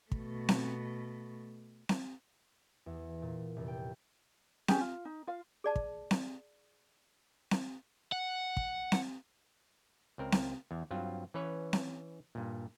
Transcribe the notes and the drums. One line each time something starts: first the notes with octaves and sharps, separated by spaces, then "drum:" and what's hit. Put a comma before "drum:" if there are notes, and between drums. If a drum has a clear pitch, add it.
B2 A3, drum: kick
drum: snare C4
drum: snare C4
E2
A#2
F1
G5
C#4 G4 G#4, drum: snare C4
F4
D#4
F4 F5
G#4 D5 A5
drum: kick
drum: snare C4
drum: snare C4
F#5
drum: kick
drum: snare C4
C#2 C4 A#4
drum: snare C4
E2
G2 F#3 C4 F4
E3 C#4 B4 C#5
drum: snare C4
G2 A#2